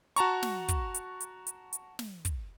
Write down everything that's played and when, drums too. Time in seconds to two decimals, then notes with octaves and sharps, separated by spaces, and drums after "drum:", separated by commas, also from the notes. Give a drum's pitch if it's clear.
0.16 F#4 A5 A#5 C#6, drum: hi-hat
0.42 drum: snare
0.69 drum: kick, hi-hat
0.95 drum: hi-hat
1.21 drum: hi-hat
1.47 drum: hi-hat
1.73 drum: hi-hat
1.99 drum: snare
2.25 drum: kick, hi-hat